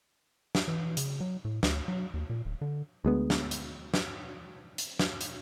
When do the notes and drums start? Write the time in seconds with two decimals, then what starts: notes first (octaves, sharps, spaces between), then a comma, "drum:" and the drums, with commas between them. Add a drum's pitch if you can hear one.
0.55 drum: snare
0.68 E3
0.97 C#3, drum: hi-hat
1.20 F#3
1.45 A2
1.63 D2, drum: snare
1.88 F#3
2.14 D#2
2.30 A#2
2.45 D1
2.61 D3
3.05 D2 G#3 B3
3.30 drum: snare
3.51 drum: hi-hat
3.94 drum: snare
4.78 drum: hi-hat
4.99 drum: snare
5.21 drum: hi-hat